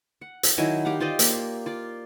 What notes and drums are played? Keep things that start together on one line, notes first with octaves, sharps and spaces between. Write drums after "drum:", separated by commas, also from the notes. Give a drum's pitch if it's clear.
F#5
drum: hi-hat
D#3 F#3 E4 G#5
G4 F5 F#5
F4 C5 D5 D#5
A#3, drum: hi-hat
F4 D5